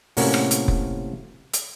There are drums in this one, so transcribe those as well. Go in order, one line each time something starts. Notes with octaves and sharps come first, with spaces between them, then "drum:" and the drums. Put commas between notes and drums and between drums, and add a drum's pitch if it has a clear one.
A2 C3 A#3 C#4 F#4 A#4, drum: open hi-hat
drum: rim click
drum: hi-hat
drum: kick F1
drum: hi-hat